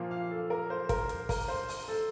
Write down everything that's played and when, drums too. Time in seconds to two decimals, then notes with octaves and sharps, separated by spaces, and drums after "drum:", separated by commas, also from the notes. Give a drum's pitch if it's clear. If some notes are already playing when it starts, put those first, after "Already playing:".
Already playing: A#2 F3 A#3
0.11 F5
0.31 A4
0.50 A#4
0.70 C5
0.89 A#4, drum: kick, hi-hat
1.09 drum: hi-hat
1.29 A#4, drum: kick, open hi-hat
1.48 C5
1.68 drum: open hi-hat
1.88 A4